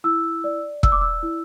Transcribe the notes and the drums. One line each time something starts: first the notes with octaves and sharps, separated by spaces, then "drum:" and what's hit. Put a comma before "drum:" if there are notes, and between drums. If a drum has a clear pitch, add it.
E4 E6
D5
D5 E6, drum: kick
D6
E6
E4